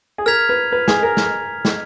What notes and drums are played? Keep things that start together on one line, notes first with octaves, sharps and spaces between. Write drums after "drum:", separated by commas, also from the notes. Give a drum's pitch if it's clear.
G#4
A#4 F6 G#6 B6 F7
B4
B4
G#4, drum: snare
A#4
drum: snare
drum: snare